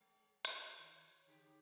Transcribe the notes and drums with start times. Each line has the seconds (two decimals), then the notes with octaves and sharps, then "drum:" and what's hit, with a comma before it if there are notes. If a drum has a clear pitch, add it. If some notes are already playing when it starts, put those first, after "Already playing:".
0.01 G#3
0.45 F#4, drum: hi-hat
0.78 D#3
0.95 C#5
1.27 D3 G4 G#4